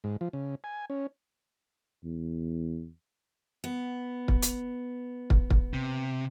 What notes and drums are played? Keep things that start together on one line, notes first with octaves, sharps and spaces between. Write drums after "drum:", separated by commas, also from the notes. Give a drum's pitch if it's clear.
G#2
F3
C#3
G#5
C#4
E2
B3
drum: kick
drum: hi-hat
drum: kick
drum: kick
C3